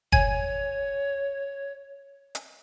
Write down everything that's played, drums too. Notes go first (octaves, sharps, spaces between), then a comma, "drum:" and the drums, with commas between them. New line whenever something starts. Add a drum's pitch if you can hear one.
C#5 G#5 G#6, drum: kick
drum: hi-hat